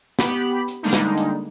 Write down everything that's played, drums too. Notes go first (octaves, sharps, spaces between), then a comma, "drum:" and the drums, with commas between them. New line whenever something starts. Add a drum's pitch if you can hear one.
B3 G4 B5, drum: snare
drum: hi-hat
D3 G3 G#3 A#3 D4 D#4
drum: snare
drum: hi-hat